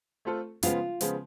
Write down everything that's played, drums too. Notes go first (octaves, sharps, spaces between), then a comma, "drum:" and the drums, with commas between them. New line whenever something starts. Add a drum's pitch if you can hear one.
A3 C4 F4 A4
C#3 F3 G#3 B3 F4, drum: hi-hat
C#3 F3 G#3 B3, drum: hi-hat